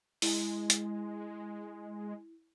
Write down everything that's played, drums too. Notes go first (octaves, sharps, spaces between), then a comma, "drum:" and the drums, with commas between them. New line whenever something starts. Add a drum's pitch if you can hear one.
G#3 E4, drum: open hi-hat
drum: hi-hat